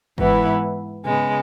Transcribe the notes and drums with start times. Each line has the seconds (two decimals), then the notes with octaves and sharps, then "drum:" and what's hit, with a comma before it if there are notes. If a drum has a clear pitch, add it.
0.18 G#2 E3 B3 E4, drum: kick
1.05 C#3 G#3 B3, drum: tom